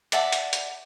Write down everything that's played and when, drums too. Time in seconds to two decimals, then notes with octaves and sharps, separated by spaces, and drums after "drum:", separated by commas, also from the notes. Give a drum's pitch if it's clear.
0.12 D5 E5 F#5 A5, drum: hi-hat
0.32 drum: hi-hat
0.53 drum: hi-hat